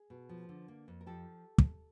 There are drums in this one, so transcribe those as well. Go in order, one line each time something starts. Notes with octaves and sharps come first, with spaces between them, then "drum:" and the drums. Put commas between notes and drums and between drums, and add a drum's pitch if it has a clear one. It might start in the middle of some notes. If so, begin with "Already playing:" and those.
Already playing: G#4
B2
F3
D3
A#3
F2
A#4
F3 G4 A4
drum: kick